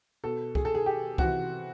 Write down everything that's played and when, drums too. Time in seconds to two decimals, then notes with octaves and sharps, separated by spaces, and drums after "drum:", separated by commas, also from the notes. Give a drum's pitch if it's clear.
0.24 B2 A4
0.55 G#4, drum: kick C2
0.65 A4
0.75 G#4
0.86 G4
1.18 C3 E3 F#4, drum: kick C2